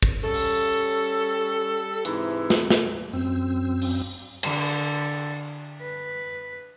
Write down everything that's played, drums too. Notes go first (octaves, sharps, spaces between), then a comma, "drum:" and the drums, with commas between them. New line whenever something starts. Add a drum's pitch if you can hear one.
drum: kick
G3 C#4 A4
drum: open hi-hat
G#2 C3 E3 E4, drum: hi-hat
drum: snare
drum: snare
F#2 C4 E6
drum: open hi-hat
D3 A4, drum: cymbal
B4